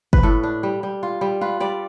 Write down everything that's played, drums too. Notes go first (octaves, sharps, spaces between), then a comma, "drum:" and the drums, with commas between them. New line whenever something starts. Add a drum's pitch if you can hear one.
B4, drum: kick
A2 A4
D4
G3
G3
F4
G3
F4 B4
G3 D5